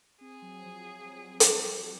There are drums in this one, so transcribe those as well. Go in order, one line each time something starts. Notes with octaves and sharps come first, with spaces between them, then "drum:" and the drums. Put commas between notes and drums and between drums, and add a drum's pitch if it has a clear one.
C4 G#4
F#3
F3
F#3
G3
drum: hi-hat